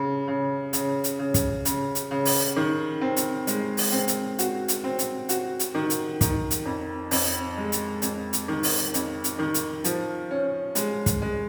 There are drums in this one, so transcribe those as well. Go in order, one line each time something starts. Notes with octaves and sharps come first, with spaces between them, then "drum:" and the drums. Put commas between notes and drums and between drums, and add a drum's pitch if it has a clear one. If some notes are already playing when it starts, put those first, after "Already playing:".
Already playing: C#3
C#3
C#3, drum: hi-hat
drum: hi-hat
C#3
drum: kick, hi-hat
C#3, drum: hi-hat
drum: hi-hat
C#3
drum: open hi-hat
D#3
C4
drum: hi-hat
G#3, drum: hi-hat
drum: open hi-hat
C4
drum: hi-hat
F#4, drum: hi-hat
drum: hi-hat
C4
drum: hi-hat
F#4, drum: hi-hat
drum: hi-hat
D#3
drum: hi-hat
D#3, drum: kick, hi-hat
drum: hi-hat
F2
F2, drum: open hi-hat
G#3
drum: hi-hat
F2, drum: hi-hat
drum: hi-hat
D#3
drum: open hi-hat
F2, drum: hi-hat
drum: hi-hat
D#3
drum: hi-hat
F3, drum: hi-hat
C#4
G#3, drum: hi-hat
drum: kick, hi-hat
G#3